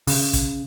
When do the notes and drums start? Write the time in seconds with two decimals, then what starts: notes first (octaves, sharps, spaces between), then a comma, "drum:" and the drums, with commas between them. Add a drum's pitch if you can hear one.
0.07 C#3, drum: open hi-hat
0.33 drum: kick, hi-hat